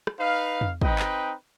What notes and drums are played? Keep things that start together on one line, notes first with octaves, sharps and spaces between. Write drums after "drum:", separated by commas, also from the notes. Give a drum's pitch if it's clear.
drum: rim click
D#4 B4 F5
drum: tom
C4 D#4 B4 D#5 G5, drum: kick
drum: clap